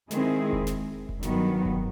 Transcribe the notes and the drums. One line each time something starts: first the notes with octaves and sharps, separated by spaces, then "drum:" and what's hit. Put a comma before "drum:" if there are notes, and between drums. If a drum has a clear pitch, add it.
D#3 G#3 C4 E4 G#4, drum: snare
drum: kick F1
drum: snare
drum: kick F1
G2 D#3 F#3 B3, drum: snare
drum: kick F1